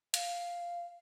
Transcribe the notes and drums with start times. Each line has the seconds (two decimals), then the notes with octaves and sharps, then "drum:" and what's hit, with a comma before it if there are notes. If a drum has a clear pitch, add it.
0.14 F5, drum: hi-hat